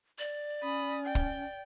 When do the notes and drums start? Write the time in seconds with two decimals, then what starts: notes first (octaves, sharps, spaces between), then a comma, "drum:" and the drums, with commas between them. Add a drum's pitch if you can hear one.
0.19 D5
0.63 C#4 B5 D#6
1.05 G5
1.15 drum: kick